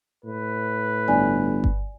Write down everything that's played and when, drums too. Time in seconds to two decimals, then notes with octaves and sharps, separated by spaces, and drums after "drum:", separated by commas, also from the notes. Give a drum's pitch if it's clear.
0.24 A2 B4
1.08 G1 D5 G#5
1.64 drum: kick G1